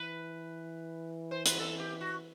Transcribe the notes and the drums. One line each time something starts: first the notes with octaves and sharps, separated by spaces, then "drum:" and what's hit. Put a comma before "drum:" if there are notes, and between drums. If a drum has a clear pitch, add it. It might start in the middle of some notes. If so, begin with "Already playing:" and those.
Already playing: E3 B4
C5
B4, drum: hi-hat
A4
G4
F#4